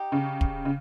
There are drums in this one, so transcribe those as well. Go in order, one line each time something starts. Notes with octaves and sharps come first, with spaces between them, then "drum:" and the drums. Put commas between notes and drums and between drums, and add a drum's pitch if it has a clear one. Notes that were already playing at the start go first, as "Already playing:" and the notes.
Already playing: D#4 G4
C#3
drum: kick
C#3